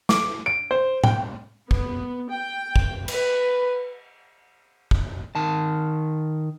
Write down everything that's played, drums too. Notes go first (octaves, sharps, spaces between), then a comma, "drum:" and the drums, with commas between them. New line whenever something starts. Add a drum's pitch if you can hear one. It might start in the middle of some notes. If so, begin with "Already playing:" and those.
D6, drum: snare
D7
C5
G5, drum: tom A2
B3, drum: kick
G5
drum: kick
B4, drum: cymbal
drum: kick
D#3 A5